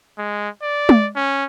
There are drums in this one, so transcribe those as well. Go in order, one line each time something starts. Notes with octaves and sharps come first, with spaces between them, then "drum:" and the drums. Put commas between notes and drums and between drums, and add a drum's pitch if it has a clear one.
G#3
D5
drum: tom G#3
C#4